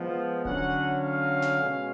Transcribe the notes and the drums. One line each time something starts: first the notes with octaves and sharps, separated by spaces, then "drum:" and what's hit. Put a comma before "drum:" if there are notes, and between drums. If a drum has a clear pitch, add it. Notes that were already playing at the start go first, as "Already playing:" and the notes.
Already playing: F3 G#3 B3
D3 F#3 C#4 F#5, drum: kick D1
F5
drum: snare
B2 G#3 C#4